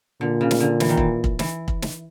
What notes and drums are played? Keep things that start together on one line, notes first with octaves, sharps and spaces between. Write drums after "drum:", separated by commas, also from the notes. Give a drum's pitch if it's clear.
A#2 D3
C#3
drum: snare
D3
E3, drum: snare
D#3
E3, drum: kick
drum: kick
E3, drum: snare
drum: kick
drum: snare